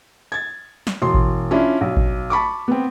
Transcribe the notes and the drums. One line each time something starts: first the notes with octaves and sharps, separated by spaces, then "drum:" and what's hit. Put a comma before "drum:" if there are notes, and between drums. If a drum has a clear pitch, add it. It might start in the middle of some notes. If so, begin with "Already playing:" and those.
G#6 A6
drum: snare
E1 C6
drum: kick A1
C#4 D4 E4 F4
B1
drum: kick A1
A5 B5 C#6 D6
B3 C4